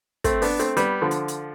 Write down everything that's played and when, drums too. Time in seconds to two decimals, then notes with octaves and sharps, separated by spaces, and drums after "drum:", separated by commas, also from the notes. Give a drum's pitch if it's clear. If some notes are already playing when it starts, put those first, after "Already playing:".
0.24 A3 C4, drum: kick, hi-hat
0.42 B3 D4, drum: open hi-hat
0.59 A3 C4, drum: hi-hat
0.77 G3 B3, drum: hi-hat
1.02 D3 F3
1.11 drum: hi-hat
1.28 drum: hi-hat